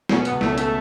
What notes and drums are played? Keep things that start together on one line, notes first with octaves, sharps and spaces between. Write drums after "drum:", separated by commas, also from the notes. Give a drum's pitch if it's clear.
B2 C#4, drum: snare
B3, drum: hi-hat
C#2
A3, drum: snare
C#4
A3, drum: hi-hat